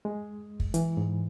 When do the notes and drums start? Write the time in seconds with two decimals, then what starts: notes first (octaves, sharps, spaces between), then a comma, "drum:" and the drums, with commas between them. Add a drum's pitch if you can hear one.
0.05 G#3
0.60 drum: kick
0.74 E3, drum: hi-hat
0.97 G#2